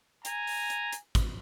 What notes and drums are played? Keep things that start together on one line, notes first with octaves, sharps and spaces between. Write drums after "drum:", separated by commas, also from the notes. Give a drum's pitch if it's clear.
G#5 A#5, drum: hi-hat
drum: open hi-hat
drum: hi-hat
drum: hi-hat
drum: kick, hi-hat